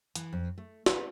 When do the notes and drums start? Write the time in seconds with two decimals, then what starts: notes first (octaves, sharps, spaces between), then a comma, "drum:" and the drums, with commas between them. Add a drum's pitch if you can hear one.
0.15 E3, drum: hi-hat
0.33 F2
0.58 A3
0.86 B4, drum: snare